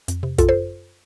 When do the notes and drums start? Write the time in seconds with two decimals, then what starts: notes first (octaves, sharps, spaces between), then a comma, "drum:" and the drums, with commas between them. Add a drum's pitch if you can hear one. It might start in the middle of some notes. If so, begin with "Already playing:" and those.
0.08 F2, drum: hi-hat
0.23 C3
0.38 F#2 F4 A4, drum: kick, hi-hat
0.49 A4 C5